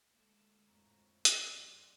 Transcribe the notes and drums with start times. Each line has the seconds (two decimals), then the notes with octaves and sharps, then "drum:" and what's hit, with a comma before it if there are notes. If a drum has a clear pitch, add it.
0.12 D2 G#3 A#3 A4
0.67 F2 A2 C#5 A#5
1.25 drum: hi-hat
1.36 F#2 F4 C5 D5